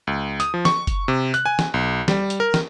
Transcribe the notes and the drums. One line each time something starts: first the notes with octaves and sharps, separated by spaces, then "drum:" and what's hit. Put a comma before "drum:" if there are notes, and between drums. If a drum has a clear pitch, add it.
C#2
D#6, drum: hi-hat
F3
C#6, drum: snare
drum: kick F#1, hi-hat
C3
F#6, drum: hi-hat
G#5
drum: snare
B1
G3, drum: snare
drum: hi-hat
A#4
drum: snare